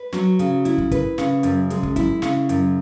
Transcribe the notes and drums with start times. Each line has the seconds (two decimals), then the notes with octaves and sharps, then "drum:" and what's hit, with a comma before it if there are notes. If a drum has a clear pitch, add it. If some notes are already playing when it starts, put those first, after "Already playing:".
Already playing: B4
0.13 F#3, drum: snare
0.39 C#3, drum: hi-hat
0.65 E4, drum: hi-hat
0.78 drum: kick
0.91 B4, drum: kick, hi-hat
1.18 C#3, drum: snare
1.43 F#2, drum: hi-hat
1.70 G#3, drum: hi-hat
1.83 drum: kick
1.96 E4, drum: kick, hi-hat
2.22 C#3, drum: snare
2.49 F#2, drum: hi-hat